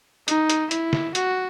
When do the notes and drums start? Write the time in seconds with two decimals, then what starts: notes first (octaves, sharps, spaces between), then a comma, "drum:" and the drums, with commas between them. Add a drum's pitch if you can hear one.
0.28 D#4, drum: hi-hat
0.50 drum: hi-hat
0.71 E4, drum: hi-hat
0.93 drum: snare
1.15 F#4, drum: hi-hat